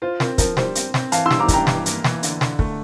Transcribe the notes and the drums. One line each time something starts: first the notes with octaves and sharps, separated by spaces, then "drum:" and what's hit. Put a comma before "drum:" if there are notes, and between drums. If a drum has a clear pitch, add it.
F4 C5
C4 A#4, drum: snare
F3 A#4, drum: kick, hi-hat
G3 C5, drum: snare
C4, drum: hi-hat
C4, drum: snare
E3 F5 A5, drum: hi-hat
C6 E6
G3, drum: snare
A#5 D6
G2, drum: kick, hi-hat
G5 A#5
E3, drum: snare
A#3, drum: hi-hat
E3, drum: snare
D3, drum: hi-hat
D3, drum: snare
A3, drum: kick